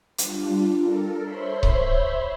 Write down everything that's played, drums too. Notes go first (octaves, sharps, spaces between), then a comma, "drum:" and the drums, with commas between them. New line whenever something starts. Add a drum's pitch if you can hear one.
G3 D4 F4, drum: hi-hat
A4 A#4
C5 C#5 E5 B5 C6
drum: kick C#1